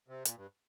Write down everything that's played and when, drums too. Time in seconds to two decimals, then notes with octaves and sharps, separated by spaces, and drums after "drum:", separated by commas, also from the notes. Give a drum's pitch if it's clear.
0.08 C3
0.25 A#2, drum: hi-hat
0.37 G2